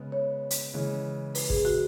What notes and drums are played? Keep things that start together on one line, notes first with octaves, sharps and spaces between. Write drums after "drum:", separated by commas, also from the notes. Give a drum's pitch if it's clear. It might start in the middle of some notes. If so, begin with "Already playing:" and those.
Already playing: C#3 G#3 B3
C#5
drum: hi-hat
C#3 E3 G#3 C#4
B4, drum: open hi-hat
G#4, drum: kick
F#4